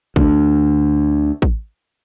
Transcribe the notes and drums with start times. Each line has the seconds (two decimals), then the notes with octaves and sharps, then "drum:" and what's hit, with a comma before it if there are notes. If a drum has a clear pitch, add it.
0.16 D2 D3, drum: kick
1.42 drum: kick